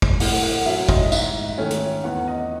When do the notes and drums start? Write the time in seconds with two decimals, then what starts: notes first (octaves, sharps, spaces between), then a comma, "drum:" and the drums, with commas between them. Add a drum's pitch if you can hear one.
0.02 drum: kick
0.20 A2 F#5, drum: open hi-hat
0.43 F#5
0.66 F#3 C#4 E5
0.89 D#5, drum: kick
1.12 G#2 E5, drum: tambourine
1.58 D#3 A3 C#4
1.71 drum: hi-hat
2.04 E2 F#5
2.27 D#5